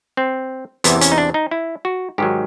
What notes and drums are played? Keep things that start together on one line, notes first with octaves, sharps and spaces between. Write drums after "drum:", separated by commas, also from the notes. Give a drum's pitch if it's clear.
C4
E2 C3 E3 B3, drum: hi-hat
C#4, drum: hi-hat
D#4
D4
D#4
E4
F#4
G#2 D#3 F#3 G4